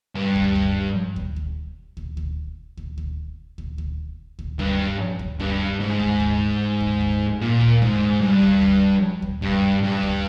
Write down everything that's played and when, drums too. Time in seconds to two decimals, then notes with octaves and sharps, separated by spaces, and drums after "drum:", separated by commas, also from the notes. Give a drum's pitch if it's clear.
0.15 G2
0.36 drum: kick
0.56 drum: kick
1.16 drum: kick
1.36 drum: kick
1.97 drum: kick
2.17 drum: kick
2.77 drum: kick
2.98 drum: kick
3.58 drum: kick
3.78 drum: kick
4.39 drum: kick
4.59 G2, drum: kick
5.19 drum: kick
5.40 G2, drum: kick
5.80 G#2
6.00 drum: kick
6.20 drum: kick
6.80 drum: kick
7.01 drum: kick
7.41 A#2
7.61 drum: kick
7.82 G#2, drum: kick
8.22 G2
8.42 drum: kick
8.62 drum: kick
9.22 drum: kick
9.42 G2, drum: kick
9.83 G2
10.03 drum: kick